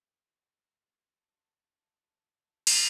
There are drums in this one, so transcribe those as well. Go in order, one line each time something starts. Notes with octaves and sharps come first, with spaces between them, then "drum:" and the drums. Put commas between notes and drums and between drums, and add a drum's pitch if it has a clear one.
F4 F#4
A5
drum: cymbal